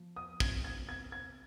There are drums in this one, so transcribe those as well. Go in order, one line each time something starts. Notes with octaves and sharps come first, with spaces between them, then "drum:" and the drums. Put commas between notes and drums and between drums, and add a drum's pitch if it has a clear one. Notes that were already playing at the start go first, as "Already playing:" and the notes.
Already playing: F3
D#6
C3 G#6, drum: kick
G#6
C3 G#6
G#6